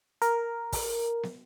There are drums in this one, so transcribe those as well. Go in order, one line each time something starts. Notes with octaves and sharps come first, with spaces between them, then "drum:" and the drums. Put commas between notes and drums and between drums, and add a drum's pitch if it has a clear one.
A#4, drum: hi-hat
drum: kick, open hi-hat
drum: snare